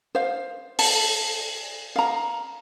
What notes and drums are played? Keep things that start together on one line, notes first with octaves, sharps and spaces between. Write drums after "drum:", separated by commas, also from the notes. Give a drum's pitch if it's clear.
C5 F5
A5, drum: open hi-hat
F5 A#5